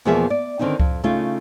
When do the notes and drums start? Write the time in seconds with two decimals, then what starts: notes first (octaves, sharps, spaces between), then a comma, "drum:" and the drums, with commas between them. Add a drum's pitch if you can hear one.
0.05 E2 B2 F3 A#3 G#4 E5
0.30 D5
0.59 D3 D#3 C4 C#4 D#4
0.80 F2, drum: kick C#2
1.03 C#3 A3 C#4 D#4 F4